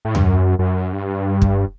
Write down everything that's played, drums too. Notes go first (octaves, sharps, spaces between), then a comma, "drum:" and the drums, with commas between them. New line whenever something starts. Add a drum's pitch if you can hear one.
A2
G2, drum: tom D#2
F#2
F#2
G2
drum: kick